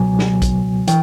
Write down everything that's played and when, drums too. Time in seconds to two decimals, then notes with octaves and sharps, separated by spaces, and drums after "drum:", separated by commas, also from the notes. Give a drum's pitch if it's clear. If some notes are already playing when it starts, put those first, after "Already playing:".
Already playing: C#2 B2 F#3 G#5
0.19 drum: snare
0.42 drum: kick A#1, hi-hat
0.88 E3 G5, drum: hi-hat